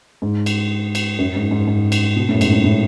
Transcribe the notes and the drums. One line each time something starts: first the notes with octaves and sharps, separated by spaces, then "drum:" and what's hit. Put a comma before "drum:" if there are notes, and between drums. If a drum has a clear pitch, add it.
G#2
drum: cymbal
drum: cymbal
F#2
G#2
G#2
G#2
drum: cymbal
B2
A2
F#2
G#2, drum: cymbal
G#2
A2